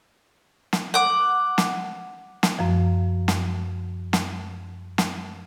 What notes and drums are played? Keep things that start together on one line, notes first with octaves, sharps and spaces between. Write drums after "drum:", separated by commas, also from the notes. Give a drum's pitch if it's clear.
drum: snare
F#5 D6
drum: snare
drum: snare
F#2 F3
drum: snare
drum: snare
drum: snare